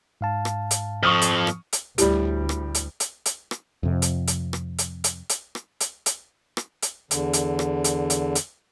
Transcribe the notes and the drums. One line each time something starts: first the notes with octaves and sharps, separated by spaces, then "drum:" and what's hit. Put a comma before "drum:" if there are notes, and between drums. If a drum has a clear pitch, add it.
G#2 F5 A5
drum: rim click
drum: hi-hat
F2 F3 C#6 D#6 F6
drum: hi-hat
drum: rim click
drum: hi-hat
D2 A2 G3 G4, drum: hi-hat
drum: rim click
drum: hi-hat
drum: hi-hat
drum: hi-hat
drum: rim click
F2 C3
drum: hi-hat
drum: hi-hat
drum: rim click
drum: hi-hat
drum: hi-hat
drum: hi-hat
drum: rim click
drum: hi-hat
drum: hi-hat
drum: rim click
drum: hi-hat
E2 D3, drum: hi-hat
drum: hi-hat
drum: rim click
drum: hi-hat
drum: hi-hat
drum: hi-hat